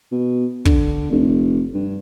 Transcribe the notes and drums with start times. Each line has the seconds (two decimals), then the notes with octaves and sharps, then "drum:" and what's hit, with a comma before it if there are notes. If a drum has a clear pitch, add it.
0.12 B2
0.65 D3, drum: kick
1.11 F1
1.74 G2